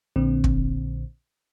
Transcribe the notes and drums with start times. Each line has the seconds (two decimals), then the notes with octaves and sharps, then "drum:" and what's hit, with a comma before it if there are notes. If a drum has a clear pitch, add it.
0.16 A#1 A#2 D3 C4
0.44 drum: kick